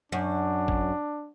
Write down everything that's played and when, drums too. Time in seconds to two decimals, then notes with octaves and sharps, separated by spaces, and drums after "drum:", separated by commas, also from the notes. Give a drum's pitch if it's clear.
0.12 F#2 D4
0.68 drum: kick G#1